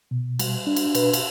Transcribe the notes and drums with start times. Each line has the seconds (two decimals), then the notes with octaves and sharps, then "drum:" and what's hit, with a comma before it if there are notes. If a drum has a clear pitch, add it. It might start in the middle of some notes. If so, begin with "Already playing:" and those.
0.11 B2
0.39 G3, drum: cymbal
0.67 D4
0.76 drum: cymbal
0.95 B2 B4, drum: cymbal
1.13 drum: cymbal